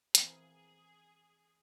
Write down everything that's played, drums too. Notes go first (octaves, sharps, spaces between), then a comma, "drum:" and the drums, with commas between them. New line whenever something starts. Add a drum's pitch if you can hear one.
E3 A#3 C4 G#4, drum: hi-hat